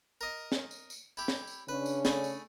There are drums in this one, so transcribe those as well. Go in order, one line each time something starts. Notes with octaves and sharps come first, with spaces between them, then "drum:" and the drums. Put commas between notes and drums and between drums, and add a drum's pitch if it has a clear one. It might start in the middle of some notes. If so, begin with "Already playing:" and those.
A#4 D#5
drum: snare
drum: tambourine
drum: tambourine
E4 G4
drum: snare
drum: tambourine
C#3 C#4 D4 B4
drum: tambourine
A3 G#4 B5, drum: snare
drum: tambourine